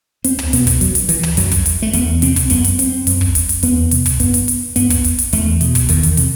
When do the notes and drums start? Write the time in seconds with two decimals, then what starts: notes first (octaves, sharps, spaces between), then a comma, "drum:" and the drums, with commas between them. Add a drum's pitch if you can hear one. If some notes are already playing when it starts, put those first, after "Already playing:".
0.24 E2 C4, drum: hi-hat
0.39 drum: tom
0.53 B2 B3, drum: hi-hat
0.67 drum: kick, hi-hat
0.81 G2 F#3, drum: hi-hat
0.95 drum: hi-hat
1.09 E3, drum: hi-hat
1.23 drum: tom
1.37 F#2 F#3, drum: hi-hat
1.51 drum: kick, hi-hat
1.66 drum: hi-hat
1.82 A3
1.93 E2 B3, drum: hi-hat
2.22 C3 C4, drum: hi-hat
2.36 drum: kick, hi-hat
2.50 F#2 B3, drum: hi-hat
2.64 drum: hi-hat
2.79 C4, drum: hi-hat
3.07 F#2, drum: hi-hat
3.21 drum: kick
3.35 drum: hi-hat
3.49 drum: hi-hat
3.63 E2 B3, drum: hi-hat
3.91 C3, drum: hi-hat
4.06 drum: kick, hi-hat
4.20 G2 B3, drum: hi-hat
4.34 drum: hi-hat
4.48 drum: hi-hat
4.76 G2 B3, drum: hi-hat
4.90 drum: kick, hi-hat
5.04 drum: hi-hat
5.19 drum: hi-hat
5.33 E2 A3, drum: hi-hat
5.61 B2, drum: hi-hat
5.75 drum: kick, hi-hat
5.89 E2 D#3, drum: hi-hat
6.03 drum: hi-hat
6.17 C3, drum: hi-hat